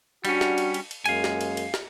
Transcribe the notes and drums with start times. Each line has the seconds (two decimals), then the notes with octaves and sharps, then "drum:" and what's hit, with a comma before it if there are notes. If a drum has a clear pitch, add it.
0.25 G3 C#4 D4 F#4, drum: cymbal
0.41 drum: snare
0.58 drum: cymbal
0.74 drum: cymbal
0.91 drum: cymbal
1.06 F#2 G#3 A#3 F5 G#5, drum: cymbal
1.24 drum: snare
1.41 drum: cymbal
1.57 drum: cymbal
1.74 drum: snare